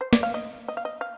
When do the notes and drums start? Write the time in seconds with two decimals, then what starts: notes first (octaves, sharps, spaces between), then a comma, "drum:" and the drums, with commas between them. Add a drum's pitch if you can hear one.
0.01 C5
0.13 D5, drum: snare
0.23 F5
0.34 D#5
0.68 D#5
0.77 F5
0.85 D#5
1.01 F5